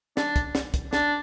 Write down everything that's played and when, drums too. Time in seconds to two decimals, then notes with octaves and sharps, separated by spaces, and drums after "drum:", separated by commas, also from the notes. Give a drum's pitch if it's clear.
0.17 D4, drum: snare
0.36 drum: kick, hi-hat
0.55 drum: snare
0.74 drum: kick, hi-hat
0.93 D4, drum: snare